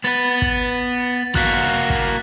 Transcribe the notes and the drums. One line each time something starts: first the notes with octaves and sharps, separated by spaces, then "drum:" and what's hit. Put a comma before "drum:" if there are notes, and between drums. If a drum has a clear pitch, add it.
B3 B4 A6
drum: hi-hat
drum: kick
drum: hi-hat
drum: hi-hat
A#3 F#4 F#6 B6, drum: kick, hi-hat
drum: hi-hat
drum: kick